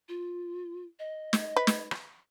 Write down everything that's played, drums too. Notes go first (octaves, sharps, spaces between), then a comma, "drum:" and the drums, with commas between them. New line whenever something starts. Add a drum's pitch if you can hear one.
F4
D#5
drum: snare
B4
drum: snare
drum: rim click